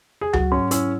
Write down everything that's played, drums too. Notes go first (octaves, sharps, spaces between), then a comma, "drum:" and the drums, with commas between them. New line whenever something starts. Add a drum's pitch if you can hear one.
G#4
F#3 F#4, drum: tom C#2
G#2 C#4
C#4 E4, drum: hi-hat